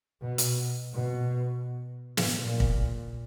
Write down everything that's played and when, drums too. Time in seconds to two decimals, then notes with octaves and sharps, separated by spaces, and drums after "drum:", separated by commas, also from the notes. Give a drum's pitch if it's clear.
0.22 B2
0.38 drum: hi-hat
0.94 B2
2.17 drum: snare
2.40 A#2
2.60 drum: kick